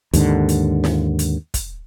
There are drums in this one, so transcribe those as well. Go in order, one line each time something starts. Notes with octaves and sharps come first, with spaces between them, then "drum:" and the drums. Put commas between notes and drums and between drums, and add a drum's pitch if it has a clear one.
D#2 G#2 D3, drum: hi-hat
drum: hi-hat
drum: snare
drum: hi-hat
drum: kick, hi-hat